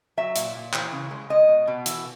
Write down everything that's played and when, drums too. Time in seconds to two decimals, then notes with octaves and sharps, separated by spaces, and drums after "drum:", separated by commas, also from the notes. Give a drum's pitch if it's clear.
0.17 F#3 E5
0.36 A#2, drum: hi-hat
0.55 A#2
0.73 E3, drum: clap
0.92 C#3
1.11 G#3
1.30 G#3 D#5
1.49 B2
1.67 B2
1.86 E3, drum: hi-hat